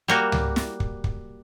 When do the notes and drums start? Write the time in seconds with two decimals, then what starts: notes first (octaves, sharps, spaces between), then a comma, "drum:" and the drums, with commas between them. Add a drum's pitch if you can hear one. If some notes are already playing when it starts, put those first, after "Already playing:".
0.08 G3 A#3 F#4
0.32 drum: tom C#2
0.56 drum: snare
0.80 drum: kick
1.04 drum: kick